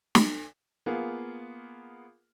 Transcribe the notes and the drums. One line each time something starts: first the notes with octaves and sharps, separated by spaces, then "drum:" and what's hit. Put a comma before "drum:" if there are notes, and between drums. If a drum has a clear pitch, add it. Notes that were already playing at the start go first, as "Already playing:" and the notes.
drum: snare
A#3 B3 F4 G#4